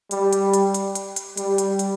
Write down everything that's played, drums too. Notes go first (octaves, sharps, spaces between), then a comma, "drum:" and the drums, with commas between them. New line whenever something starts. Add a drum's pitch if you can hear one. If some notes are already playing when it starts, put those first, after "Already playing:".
G3, drum: hi-hat
drum: hi-hat
drum: hi-hat
drum: hi-hat
drum: hi-hat
drum: hi-hat
G3, drum: hi-hat
drum: hi-hat
drum: hi-hat